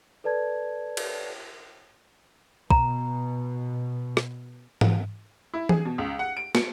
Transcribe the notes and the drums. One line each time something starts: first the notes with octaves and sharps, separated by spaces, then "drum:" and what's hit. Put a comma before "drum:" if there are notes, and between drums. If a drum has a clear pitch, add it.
A4 B4 D5 A5 G#6
drum: cymbal
B2 A#5, drum: kick
drum: rim click
drum: tom G#2
E4
G#4, drum: tom E3
B2
C#2
F#5
D7
C#7, drum: snare